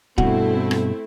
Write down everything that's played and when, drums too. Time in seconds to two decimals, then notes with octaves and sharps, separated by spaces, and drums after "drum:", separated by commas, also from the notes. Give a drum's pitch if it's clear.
0.18 G2 B2 A3 C4 E4 F#4, drum: kick D1
0.71 drum: rim click